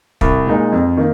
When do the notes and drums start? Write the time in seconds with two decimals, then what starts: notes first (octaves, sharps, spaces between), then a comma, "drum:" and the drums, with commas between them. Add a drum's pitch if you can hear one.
0.21 C2, drum: kick
0.47 A#2 G#3 D#4
0.72 F2
0.97 D#3 A#3